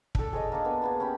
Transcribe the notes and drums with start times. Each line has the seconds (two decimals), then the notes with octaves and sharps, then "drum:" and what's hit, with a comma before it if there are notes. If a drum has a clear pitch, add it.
0.15 D4 A4, drum: kick
0.33 G#4 C#5 D#5
0.52 A#3 D4
0.65 B3 D4
0.82 A#3 B3 G#4
1.00 C#4 G4 B5